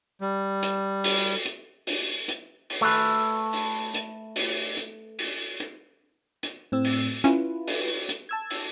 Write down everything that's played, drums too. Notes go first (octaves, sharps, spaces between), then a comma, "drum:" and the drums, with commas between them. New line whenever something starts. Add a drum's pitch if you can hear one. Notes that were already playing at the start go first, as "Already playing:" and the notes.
G3
drum: hi-hat
drum: open hi-hat
drum: hi-hat
drum: open hi-hat
drum: hi-hat
drum: open hi-hat
A3 B4
drum: open hi-hat
drum: hi-hat
drum: open hi-hat
drum: hi-hat
drum: open hi-hat
drum: hi-hat
drum: hi-hat
A2 C4 E6
drum: open hi-hat
C#4 E4 F4 B4, drum: hi-hat
drum: open hi-hat
drum: hi-hat
A5 E6 G#6
drum: open hi-hat